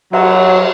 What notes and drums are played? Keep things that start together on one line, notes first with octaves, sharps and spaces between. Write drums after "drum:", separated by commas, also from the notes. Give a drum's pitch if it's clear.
F#3, drum: cymbal